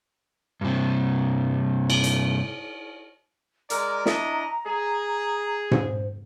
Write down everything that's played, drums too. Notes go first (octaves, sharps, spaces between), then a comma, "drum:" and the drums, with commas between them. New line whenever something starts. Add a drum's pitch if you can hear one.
G2 C3
drum: cymbal
drum: hi-hat
G#3 A#4 D5 A#5, drum: hi-hat
D4 E4 D#5, drum: snare
G#4
C5, drum: tom G#2